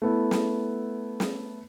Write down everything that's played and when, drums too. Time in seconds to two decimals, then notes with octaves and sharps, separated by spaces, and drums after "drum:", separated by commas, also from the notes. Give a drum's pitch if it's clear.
0.02 A3 B3 E4
0.31 drum: snare
1.20 drum: snare